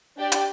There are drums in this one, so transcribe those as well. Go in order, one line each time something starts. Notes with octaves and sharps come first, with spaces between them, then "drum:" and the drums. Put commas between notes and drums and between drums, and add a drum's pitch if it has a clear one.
D4 G4 D5 G5
drum: hi-hat